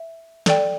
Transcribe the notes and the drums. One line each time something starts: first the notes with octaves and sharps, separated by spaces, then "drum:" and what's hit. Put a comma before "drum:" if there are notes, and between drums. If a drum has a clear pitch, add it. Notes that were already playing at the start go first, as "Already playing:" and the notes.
Already playing: E5
A4 D5 G5, drum: snare